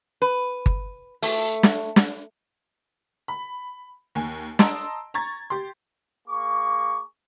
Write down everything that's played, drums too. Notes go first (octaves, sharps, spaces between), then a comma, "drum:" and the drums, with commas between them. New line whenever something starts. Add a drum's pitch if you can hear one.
B4
drum: kick G1
A3, drum: open hi-hat
drum: snare
drum: snare
B5
D#2 G#5
D#5 A5 A#5 C6 E6 D7, drum: snare
A#5 C#6 G#6 A6
G4 C6
A#3 G#4 C#6 D6